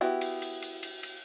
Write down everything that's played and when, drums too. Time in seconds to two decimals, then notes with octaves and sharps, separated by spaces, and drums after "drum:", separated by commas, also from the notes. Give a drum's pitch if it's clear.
0.01 B3 E4 F#4 G4
0.21 drum: cymbal
0.42 drum: cymbal
0.62 drum: cymbal
0.83 drum: cymbal
1.03 drum: cymbal